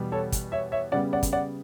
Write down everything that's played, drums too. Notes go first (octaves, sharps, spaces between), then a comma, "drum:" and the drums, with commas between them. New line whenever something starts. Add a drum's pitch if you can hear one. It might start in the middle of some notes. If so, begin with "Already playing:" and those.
Already playing: E2 B2 G3 B3
A4 C#5
drum: kick, hi-hat
C#5 E5
C#5 E5
C#3 G3 B3 D5 F#5
D5 F#5
drum: kick, hi-hat
D5 F#5